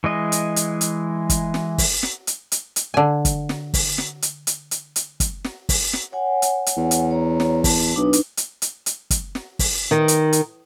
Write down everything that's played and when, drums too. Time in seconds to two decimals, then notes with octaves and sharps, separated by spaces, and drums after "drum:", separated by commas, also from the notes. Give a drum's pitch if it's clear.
0.04 E3 G#3 D#5
0.32 drum: hi-hat
0.56 drum: hi-hat
0.81 drum: hi-hat
1.30 drum: kick, hi-hat
1.54 drum: snare
1.78 drum: kick, open hi-hat
2.03 drum: snare
2.27 drum: hi-hat
2.52 drum: hi-hat
2.76 drum: hi-hat
2.94 D3 G#5
3.25 drum: kick, hi-hat
3.49 drum: snare
3.74 drum: kick, open hi-hat
3.98 drum: snare
4.22 drum: hi-hat
4.47 drum: hi-hat
4.71 drum: hi-hat
4.96 drum: hi-hat
5.20 drum: kick, hi-hat
5.44 drum: snare
5.69 drum: kick, open hi-hat
5.93 drum: snare
6.12 C#5 F#5 G#5
6.42 drum: hi-hat
6.66 drum: hi-hat
6.77 E2
6.91 drum: hi-hat
7.11 C#5 A#5
7.40 drum: snare
7.64 A5, drum: kick, open hi-hat
7.96 B1 D4 D#4 B4
8.13 drum: hi-hat
8.37 drum: hi-hat
8.62 drum: hi-hat
8.86 drum: hi-hat
9.11 drum: kick, hi-hat
9.35 drum: snare
9.59 drum: kick, open hi-hat
9.91 D#3
10.08 drum: hi-hat
10.33 drum: hi-hat